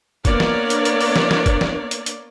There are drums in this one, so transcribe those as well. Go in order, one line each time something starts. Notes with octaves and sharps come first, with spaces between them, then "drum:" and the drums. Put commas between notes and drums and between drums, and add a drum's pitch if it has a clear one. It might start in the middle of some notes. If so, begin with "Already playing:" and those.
A#3 B3 D4 A#4 C#5 D5, drum: kick, hi-hat
drum: snare
drum: hi-hat
drum: hi-hat
drum: open hi-hat
drum: snare
drum: snare
drum: kick, hi-hat
drum: snare
drum: hi-hat
drum: hi-hat